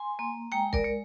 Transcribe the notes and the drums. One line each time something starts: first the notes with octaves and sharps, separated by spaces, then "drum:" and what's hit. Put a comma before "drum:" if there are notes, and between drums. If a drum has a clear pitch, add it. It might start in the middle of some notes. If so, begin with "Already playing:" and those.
Already playing: G#5 C6
A#3
G#3 G5 A#5
A#4 D5, drum: kick B1
G#3